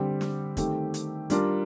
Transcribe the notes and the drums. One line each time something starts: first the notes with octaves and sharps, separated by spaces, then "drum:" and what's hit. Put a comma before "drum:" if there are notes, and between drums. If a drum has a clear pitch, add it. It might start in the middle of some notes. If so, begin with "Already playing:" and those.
Already playing: D3 G3 C4 G4
drum: snare
D#3 A3 C4 G4, drum: kick, hi-hat
drum: hi-hat
G3 D4 F4 A#4, drum: hi-hat